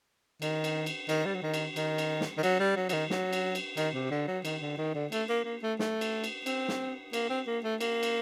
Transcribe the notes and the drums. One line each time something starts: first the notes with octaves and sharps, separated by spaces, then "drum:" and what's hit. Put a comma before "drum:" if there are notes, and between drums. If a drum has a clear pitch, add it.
D#3, drum: cymbal
drum: cymbal
drum: cymbal
D#3, drum: cymbal
G3
F#3
D#3
drum: cymbal
D#3, drum: cymbal
drum: cymbal
drum: snare
D#3
F#3, drum: cymbal
G3
F#3
F#3, drum: cymbal
D#3
F#3, drum: snare
drum: cymbal
drum: cymbal
D#3, drum: cymbal
C3
D3
F#3
D#3, drum: cymbal
D3
D#3
D3
A3, drum: cymbal
A#3
A#3
A3
A3, drum: snare
drum: cymbal
drum: cymbal
C4, drum: cymbal
drum: snare
A#3, drum: cymbal
C4
A#3
A3
A#3, drum: cymbal
drum: cymbal